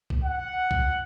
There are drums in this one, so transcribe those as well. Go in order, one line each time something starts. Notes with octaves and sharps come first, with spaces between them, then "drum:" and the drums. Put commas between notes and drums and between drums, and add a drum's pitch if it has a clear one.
drum: kick C2
F#5
drum: kick C2